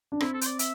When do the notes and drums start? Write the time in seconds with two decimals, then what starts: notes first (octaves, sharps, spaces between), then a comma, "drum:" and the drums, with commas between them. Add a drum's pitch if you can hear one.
0.12 D4
0.20 C4 E4, drum: rim click
0.33 A4
0.41 C5, drum: hi-hat
0.46 D5
0.59 E5, drum: hi-hat